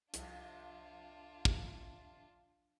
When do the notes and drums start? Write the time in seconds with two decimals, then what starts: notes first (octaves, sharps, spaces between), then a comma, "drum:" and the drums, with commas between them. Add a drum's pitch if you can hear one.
0.14 C2 F2 C3 D4 F4, drum: hi-hat
1.45 drum: kick